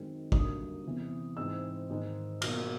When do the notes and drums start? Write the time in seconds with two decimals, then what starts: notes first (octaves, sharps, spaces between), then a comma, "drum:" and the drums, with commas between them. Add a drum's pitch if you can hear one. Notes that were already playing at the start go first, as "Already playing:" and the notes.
Already playing: F#2 D#3 G#3 C4 D#4
0.32 F#2 D3 G3 A#3 D#4 D#6, drum: kick
0.85 E2 C3 E3
1.37 G#2 E3 G#3 C4 D#4 E6
1.90 G#2 D#3 G#3
2.42 B2 F#3 A#3 F6, drum: cymbal